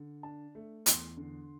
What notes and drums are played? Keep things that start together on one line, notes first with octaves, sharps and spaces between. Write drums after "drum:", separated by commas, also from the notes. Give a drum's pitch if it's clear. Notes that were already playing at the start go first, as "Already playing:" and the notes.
Already playing: D3
D4 A5
A3
E2 C6, drum: hi-hat
D3